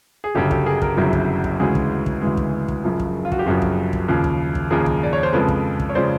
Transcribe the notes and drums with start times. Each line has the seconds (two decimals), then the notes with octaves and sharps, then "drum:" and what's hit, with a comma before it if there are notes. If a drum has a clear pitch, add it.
0.24 G#4
0.35 G1 F#2 C#3 F#3 G4 A4
0.51 G4 A4, drum: kick
0.66 G#4 A#4
0.82 G#4 A#4, drum: kick
0.97 G1 F#2 C#3 F#3 E4 F#4
1.13 drum: kick
1.44 drum: kick
1.60 D2 C#3 E3 G#3 F#4 G#4
1.75 drum: kick
2.06 drum: kick
2.21 D2 C#3 E3 G#3
2.37 drum: kick
2.68 drum: kick
2.84 F#1 F#2 C#3 F3
3.00 drum: kick
3.25 F4
3.32 F#4, drum: kick
3.39 G4
3.46 F#1 F#2 C#3 F3 F#4 G#4
3.62 drum: kick
3.93 drum: kick
4.08 D#2 C#3 F3
4.24 drum: kick
4.55 drum: kick
4.71 D#2 C#3 F3 G#4 A#4
4.86 drum: kick
5.03 D5
5.13 C#5
5.23 C5
5.33 F2 C#3 F3 G#3 A4 B4
5.49 drum: kick
5.80 drum: kick
5.89 C#5
5.95 C#3 F3 G#3 C5 D5